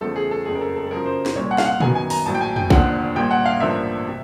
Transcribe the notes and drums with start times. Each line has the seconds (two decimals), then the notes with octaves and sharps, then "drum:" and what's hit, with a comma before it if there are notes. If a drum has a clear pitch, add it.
0.01 E2 C#3 F3 A3 A4
0.16 G#4
0.31 A4
0.46 F#1 F2 C#3 G#4
0.55 A#4
0.61 A4
0.76 A4
0.87 A4
0.91 F#2 C#3 F3 A#4
1.06 C5
1.26 drum: snare
1.35 C2 A#2 G3 C#5
1.51 F#5
1.58 F5, drum: snare
1.65 F#5
1.80 F#2 D#3 F#3 B3 G#5, drum: tom
1.95 G#5
2.10 A#5, drum: open hi-hat
2.26 A#1 A2 F#3 A5
2.34 G5
2.41 G#5
2.56 G5, drum: tom
2.70 F1 D#2 D3 F3 F#5, drum: kick
3.16 A#1 A#2 G3 G5
3.31 F#5
3.46 F5
3.60 A1 G2 D3 F3 A#3 E5
4.08 C3